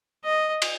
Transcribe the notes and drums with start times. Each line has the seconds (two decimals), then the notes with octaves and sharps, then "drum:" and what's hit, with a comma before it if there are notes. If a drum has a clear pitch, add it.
0.25 D#5
0.62 drum: cymbal